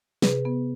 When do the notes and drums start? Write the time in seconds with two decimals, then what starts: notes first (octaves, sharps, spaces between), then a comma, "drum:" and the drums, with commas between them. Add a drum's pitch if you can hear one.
0.22 C3 G#4 B4, drum: snare
0.45 B3